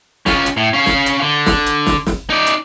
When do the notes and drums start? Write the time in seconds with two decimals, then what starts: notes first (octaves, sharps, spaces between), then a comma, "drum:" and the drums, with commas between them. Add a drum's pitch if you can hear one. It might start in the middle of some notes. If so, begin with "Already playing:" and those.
0.26 C#4 F4, drum: snare
0.46 drum: hi-hat
0.57 A2
0.74 C#4 F5
0.86 drum: snare
1.06 drum: hi-hat
1.21 D3
1.46 drum: snare
1.66 drum: hi-hat
1.86 drum: snare
2.07 drum: snare
2.30 D#4 D5
2.47 drum: hi-hat